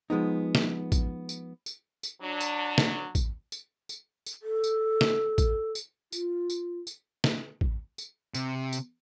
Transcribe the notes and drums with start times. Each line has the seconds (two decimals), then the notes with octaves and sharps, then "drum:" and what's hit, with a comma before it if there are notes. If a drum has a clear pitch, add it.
0.10 F3 G#3 B3 D#4
0.55 drum: snare
0.92 drum: kick A1, tambourine
1.29 drum: tambourine
1.66 drum: tambourine
2.03 drum: tambourine
2.22 F#3 D4
2.41 drum: tambourine
2.78 drum: snare
3.15 drum: kick A1, tambourine
3.52 drum: tambourine
3.89 drum: tambourine
4.26 drum: tambourine
4.42 A4
4.64 drum: tambourine
5.01 drum: snare
5.38 drum: kick A1, tambourine
5.75 drum: tambourine
6.12 F4, drum: tambourine
6.50 drum: tambourine
6.87 drum: tambourine
7.24 drum: snare
7.61 drum: kick A1
7.98 drum: tambourine
8.34 C3, drum: tambourine
8.73 drum: tambourine